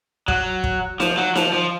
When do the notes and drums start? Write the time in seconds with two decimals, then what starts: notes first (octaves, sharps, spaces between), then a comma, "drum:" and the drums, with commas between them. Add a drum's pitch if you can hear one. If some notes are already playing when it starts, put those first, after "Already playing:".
0.28 F#3, drum: kick
0.64 drum: kick
1.00 F3, drum: snare D#4
1.17 F#3
1.35 F3, drum: snare D#4
1.53 F3